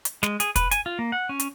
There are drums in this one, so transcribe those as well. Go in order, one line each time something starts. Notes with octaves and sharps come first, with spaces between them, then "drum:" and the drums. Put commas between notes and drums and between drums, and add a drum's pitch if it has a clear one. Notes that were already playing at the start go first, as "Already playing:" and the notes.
drum: hi-hat
G#3, drum: snare
G#4, drum: hi-hat
B4, drum: kick, hi-hat
G#5, drum: hi-hat
F4
A#3
F#5
C#4
drum: hi-hat